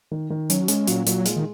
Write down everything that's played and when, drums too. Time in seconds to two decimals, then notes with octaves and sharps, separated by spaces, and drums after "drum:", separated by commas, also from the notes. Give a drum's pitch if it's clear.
0.11 D#3
0.30 D#3
0.50 F#3 C#4, drum: hi-hat
0.68 G#3 C#4, drum: hi-hat
0.87 A#2 F#3, drum: hi-hat
1.06 A#2 F#3, drum: hi-hat
1.25 G#3, drum: hi-hat
1.37 D#3